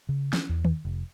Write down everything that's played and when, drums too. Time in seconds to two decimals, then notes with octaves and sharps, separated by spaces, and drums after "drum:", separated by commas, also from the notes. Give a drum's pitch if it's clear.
0.09 C#3
0.33 C#4, drum: snare
0.49 E2
0.65 drum: tom D#3
0.85 F1